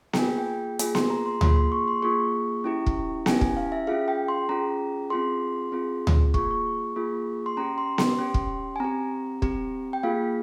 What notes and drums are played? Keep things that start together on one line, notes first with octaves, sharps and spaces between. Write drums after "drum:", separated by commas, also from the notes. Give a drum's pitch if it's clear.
G5, drum: snare B3
A#3 F4 G#4 G#5
G5
A#3 F4 G#4 G#5, drum: hi-hat
C6, drum: snare B3
A#5
C6
A#3 F4 G#4 C6, drum: tom D2
C6
C#6
C6
A#3 F4 G#4 C#6
C#4 E4 G4
drum: kick
C#4 E4 G4 G#5, drum: snare B3
G#5, drum: kick
F5
E5
C#4 F4 G#4 F5
G5
C6
C#4 F4 G#4 A#5
C4 F4 G#4 C6
C4 F4 G#4
drum: tom D2
A#3 F4 G#4 C#6, drum: kick
C#6
A#3 F4 G#4
C6
C#4 G4 A#5
C6
C6, drum: snare B3
C#4 G4
drum: kick
G#5
C4 G4 A#5
C4 G4, drum: kick
G5
A#3 F4 G#4 F5